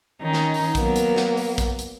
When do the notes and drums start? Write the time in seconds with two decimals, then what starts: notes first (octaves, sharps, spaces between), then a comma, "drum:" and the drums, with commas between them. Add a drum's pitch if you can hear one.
0.21 D#3 C#4 D#4
0.33 drum: snare
0.54 drum: open hi-hat
0.75 F#3 A#3 B3, drum: kick, hi-hat
0.96 drum: hi-hat
1.16 drum: snare
1.37 drum: open hi-hat
1.58 drum: kick, hi-hat
1.79 drum: hi-hat